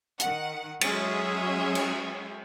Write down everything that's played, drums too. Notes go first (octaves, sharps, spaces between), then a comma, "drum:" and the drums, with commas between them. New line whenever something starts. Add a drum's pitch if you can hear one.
D#3 F#5, drum: hi-hat
F#3 G#3 C#4 G#4 C#5 E5, drum: cymbal
drum: cymbal